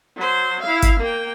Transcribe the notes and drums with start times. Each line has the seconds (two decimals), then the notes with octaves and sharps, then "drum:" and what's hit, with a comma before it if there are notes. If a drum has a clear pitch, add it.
0.17 F#3 C5
0.62 E4 F5
0.83 drum: kick G1, hi-hat
1.00 A#3 G5